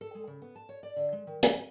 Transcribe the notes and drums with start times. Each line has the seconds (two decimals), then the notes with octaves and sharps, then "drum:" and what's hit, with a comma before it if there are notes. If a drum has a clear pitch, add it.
0.01 A4
0.15 G#3
0.27 C#3
0.42 B3
0.55 A5
0.69 C#5
0.83 D5
0.96 D3
1.12 G#3
1.27 D#3
1.43 D2, drum: hi-hat
1.55 G#5